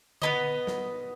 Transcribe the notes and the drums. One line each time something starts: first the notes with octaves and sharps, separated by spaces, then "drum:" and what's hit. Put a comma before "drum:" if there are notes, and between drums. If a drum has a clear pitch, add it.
B3 E4 B4 D#5, drum: tom D3
drum: snare